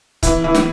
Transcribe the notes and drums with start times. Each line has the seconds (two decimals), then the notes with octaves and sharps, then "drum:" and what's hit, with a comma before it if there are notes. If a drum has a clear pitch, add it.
0.23 E3 E4, drum: kick C#1, hi-hat
0.44 E3 E4
0.55 drum: snare